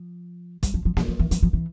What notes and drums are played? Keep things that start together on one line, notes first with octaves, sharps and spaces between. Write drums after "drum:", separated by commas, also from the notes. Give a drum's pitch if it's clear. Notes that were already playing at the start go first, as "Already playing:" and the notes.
Already playing: F3
G3, drum: kick, hi-hat
F3
F3
F3, drum: snare A#3
F3
E3
F3, drum: hi-hat
F3
E3